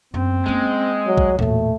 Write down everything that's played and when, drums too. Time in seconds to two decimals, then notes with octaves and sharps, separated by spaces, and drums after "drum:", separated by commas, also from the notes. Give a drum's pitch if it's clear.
0.14 F#2 B3 C4
0.46 G#3 A#3 C#4
1.07 F#3
1.17 drum: kick
1.39 E2 A#2 A3, drum: tom A2